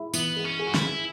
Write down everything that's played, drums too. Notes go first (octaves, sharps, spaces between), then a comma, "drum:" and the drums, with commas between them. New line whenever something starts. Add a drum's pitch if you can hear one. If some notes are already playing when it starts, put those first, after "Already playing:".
Already playing: G#3 E4
E3 B3, drum: tambourine
G#3
C#4
G#4
F#4
E4, drum: snare
G#3